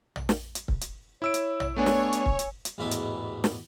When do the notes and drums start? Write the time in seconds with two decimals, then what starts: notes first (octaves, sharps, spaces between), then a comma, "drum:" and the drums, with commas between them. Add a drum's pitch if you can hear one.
0.16 drum: tom A#1
0.29 drum: snare
0.55 drum: hi-hat
0.68 drum: kick C#1
0.81 drum: hi-hat
1.22 E4 C#5 E6 D7
1.34 drum: hi-hat
1.60 drum: tom A#1
1.76 A3 B3 D4 C#5 G#5
1.86 drum: snare
2.13 drum: hi-hat
2.26 drum: kick C#1
2.39 drum: hi-hat
2.65 drum: hi-hat
2.78 A1 E2 G#2 B2 B3 E4
2.91 drum: hi-hat
3.44 drum: snare